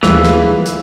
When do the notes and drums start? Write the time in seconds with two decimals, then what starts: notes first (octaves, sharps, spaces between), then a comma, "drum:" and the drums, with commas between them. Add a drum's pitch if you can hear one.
0.03 D#2 E3 F3 G3 G#4 F5, drum: snare
0.24 drum: snare
0.66 drum: hi-hat